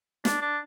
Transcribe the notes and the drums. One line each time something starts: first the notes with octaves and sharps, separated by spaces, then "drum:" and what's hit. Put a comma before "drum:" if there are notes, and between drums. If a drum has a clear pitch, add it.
D4, drum: snare
D4